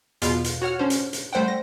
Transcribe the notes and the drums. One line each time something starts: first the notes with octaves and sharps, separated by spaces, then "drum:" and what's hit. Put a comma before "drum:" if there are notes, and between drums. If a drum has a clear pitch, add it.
E2 B2 F4 F5, drum: hi-hat
drum: hi-hat
F#4 C#5 F#5 F6
C#4 D4 C5
drum: hi-hat
drum: hi-hat
G3 A3 C5 F#5 G5
A#6